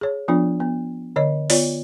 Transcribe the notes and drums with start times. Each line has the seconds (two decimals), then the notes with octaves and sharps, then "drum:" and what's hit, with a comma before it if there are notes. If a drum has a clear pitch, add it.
0.01 G#4 C#5
0.28 F3 B3 D4 F4
0.60 B3
1.16 D3 C#5 D#5
1.50 B3 F4 C#5 D5, drum: open hi-hat